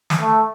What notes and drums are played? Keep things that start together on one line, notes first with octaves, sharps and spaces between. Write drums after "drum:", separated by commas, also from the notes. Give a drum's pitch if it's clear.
drum: snare
A3